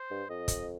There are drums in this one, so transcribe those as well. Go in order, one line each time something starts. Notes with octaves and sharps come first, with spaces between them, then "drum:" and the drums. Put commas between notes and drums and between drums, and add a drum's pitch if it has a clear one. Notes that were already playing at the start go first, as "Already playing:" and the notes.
Already playing: C5
G2
F2 D#5
drum: kick, hi-hat